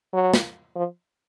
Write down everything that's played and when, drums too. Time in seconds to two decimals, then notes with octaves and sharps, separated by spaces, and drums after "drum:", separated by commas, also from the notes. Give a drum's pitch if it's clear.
0.13 F#3
0.34 drum: snare
0.76 F3